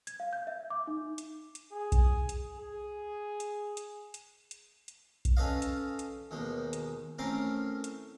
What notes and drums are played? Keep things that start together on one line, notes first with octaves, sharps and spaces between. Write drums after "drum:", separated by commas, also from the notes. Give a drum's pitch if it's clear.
G#6, drum: hi-hat
F5
G6
E5
D6
D#4
drum: hi-hat
drum: hi-hat
G#4
drum: kick B1, hi-hat
drum: hi-hat
G#4
drum: hi-hat
drum: hi-hat
drum: hi-hat
drum: hi-hat
drum: hi-hat
drum: kick B1, hi-hat
C#4 A4 B4 C#5 D#5 F5
drum: hi-hat
drum: hi-hat
D#2 B2 D#3 G#3
drum: hi-hat
A2 C4 C#4 A#4 C6 D6
drum: hi-hat